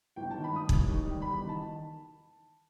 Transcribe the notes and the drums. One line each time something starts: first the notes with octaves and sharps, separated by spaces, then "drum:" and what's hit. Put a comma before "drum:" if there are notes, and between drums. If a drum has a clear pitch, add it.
G1 G5
D#3 A5
B5
G2 D#6
D#2, drum: kick
D#3
G3
E2 B5
D#3
A5
D#3